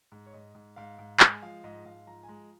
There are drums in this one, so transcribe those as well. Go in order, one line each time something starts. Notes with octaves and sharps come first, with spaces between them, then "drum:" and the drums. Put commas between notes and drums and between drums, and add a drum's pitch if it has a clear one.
G#2
C#5
G#2 D#5
G#2
G#2 F5
G#2
G#3 G#5, drum: clap
F3 F5
G#2 D#5
G#2 F5
F3 A#5
G#5
G#3 A#5